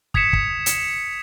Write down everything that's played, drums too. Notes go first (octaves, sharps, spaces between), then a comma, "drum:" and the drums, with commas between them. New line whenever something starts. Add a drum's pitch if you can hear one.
D#6 G#6 B6 C#7 E7, drum: kick
drum: kick
drum: hi-hat